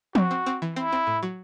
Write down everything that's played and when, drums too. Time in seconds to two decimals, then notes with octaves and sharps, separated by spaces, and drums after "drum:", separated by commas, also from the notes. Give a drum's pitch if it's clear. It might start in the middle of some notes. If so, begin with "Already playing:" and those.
0.15 C4 F#4, drum: tom F3
0.31 C4
0.46 C4
0.62 E3
0.76 C4 E4
0.93 C4
1.07 A2
1.23 F#3